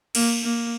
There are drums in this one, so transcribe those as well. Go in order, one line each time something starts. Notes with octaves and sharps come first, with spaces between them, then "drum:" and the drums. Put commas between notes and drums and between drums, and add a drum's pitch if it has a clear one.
A#3, drum: cymbal
A#3